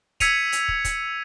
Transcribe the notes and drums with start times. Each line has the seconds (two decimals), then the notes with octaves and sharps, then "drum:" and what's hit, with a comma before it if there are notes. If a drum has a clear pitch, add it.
0.20 E6 G#6 B6 C#7 D#7 F7, drum: kick, hi-hat
0.52 drum: hi-hat
0.68 drum: kick
0.85 drum: kick, hi-hat